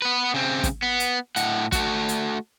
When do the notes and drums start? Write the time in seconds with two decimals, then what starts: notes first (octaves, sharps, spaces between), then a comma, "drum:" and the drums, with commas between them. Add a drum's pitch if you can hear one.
0.02 B3 B4
0.34 C#3 C4
0.64 drum: kick, hi-hat
0.82 B3
1.00 drum: hi-hat
1.36 A2 F#5, drum: hi-hat
1.72 A3 F#4, drum: kick, hi-hat
2.09 drum: hi-hat